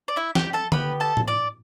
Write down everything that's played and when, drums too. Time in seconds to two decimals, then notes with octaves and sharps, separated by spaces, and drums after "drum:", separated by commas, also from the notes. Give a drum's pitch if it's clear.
0.08 D5
0.16 E4 E5
0.35 G4 G5, drum: snare
0.53 A4 A5
0.72 B3 G4 B4 B5, drum: tom D3
1.00 A4 A5
1.17 drum: tom A2
1.28 D5 D6